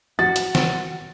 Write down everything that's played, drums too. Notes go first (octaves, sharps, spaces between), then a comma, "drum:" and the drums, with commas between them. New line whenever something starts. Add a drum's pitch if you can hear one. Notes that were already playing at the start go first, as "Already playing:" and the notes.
F#4 F#5 A6
drum: hi-hat
drum: snare